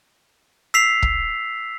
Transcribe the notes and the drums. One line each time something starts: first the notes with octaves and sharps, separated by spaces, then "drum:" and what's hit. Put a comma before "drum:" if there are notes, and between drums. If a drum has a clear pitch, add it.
E6 B6 C7 F7
drum: kick